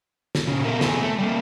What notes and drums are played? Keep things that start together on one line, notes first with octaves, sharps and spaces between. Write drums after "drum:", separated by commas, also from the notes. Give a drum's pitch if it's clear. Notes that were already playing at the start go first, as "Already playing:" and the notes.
drum: snare
A#2 C#3
B3 A4 A#4 E5 F5
C3 D#3 B3 C4 G#4 A4, drum: snare
A3
G3 A#3